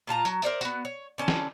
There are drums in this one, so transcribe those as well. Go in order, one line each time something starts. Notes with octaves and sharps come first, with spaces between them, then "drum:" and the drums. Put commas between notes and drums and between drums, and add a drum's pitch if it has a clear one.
A#2 F4 A5 A#5
F#3, drum: tambourine
A#4 C5 D5 E5, drum: tambourine
B3 F#4, drum: tambourine
C#5
D3 C#4 D4 A5
drum: snare